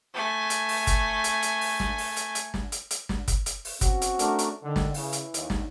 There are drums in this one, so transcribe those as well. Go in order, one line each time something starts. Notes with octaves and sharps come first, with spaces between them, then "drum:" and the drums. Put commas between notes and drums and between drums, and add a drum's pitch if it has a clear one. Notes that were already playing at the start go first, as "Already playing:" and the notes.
A3 G#5
drum: hi-hat
drum: open hi-hat
drum: kick, hi-hat
drum: hi-hat
drum: hi-hat
drum: open hi-hat
drum: snare
drum: open hi-hat
drum: hi-hat
drum: hi-hat
drum: snare
drum: hi-hat
drum: hi-hat
drum: snare
drum: kick, hi-hat
drum: hi-hat
drum: open hi-hat
C4 C#4 F#4, drum: kick, hi-hat
drum: hi-hat
A3 D4 A#4, drum: hi-hat
drum: hi-hat
D3 D#3
drum: snare
C#3 E3, drum: open hi-hat
drum: hi-hat
D#2, drum: hi-hat
drum: snare